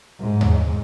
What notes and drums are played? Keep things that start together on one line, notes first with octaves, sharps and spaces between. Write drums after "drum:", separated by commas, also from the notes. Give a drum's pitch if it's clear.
G#2
drum: tom D#2